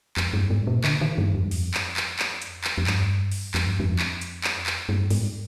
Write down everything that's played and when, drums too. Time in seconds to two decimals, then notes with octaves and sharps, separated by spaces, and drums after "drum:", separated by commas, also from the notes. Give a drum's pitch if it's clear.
0.17 F2, drum: clap
0.33 G2
0.50 G#2
0.67 A#2
0.84 D3, drum: clap
1.01 D#3
1.18 G2
1.35 F2
1.45 G2
1.51 F2, drum: open hi-hat
1.74 drum: clap
1.97 drum: clap
2.19 drum: clap
2.42 drum: hi-hat
2.64 drum: clap
2.78 F2
2.87 G2, drum: clap
3.32 drum: open hi-hat
3.54 F2, drum: clap
3.67 G2
3.80 F2
3.99 drum: clap
4.21 drum: hi-hat
4.44 drum: clap
4.66 drum: clap
4.89 G2
5.10 G#2, drum: open hi-hat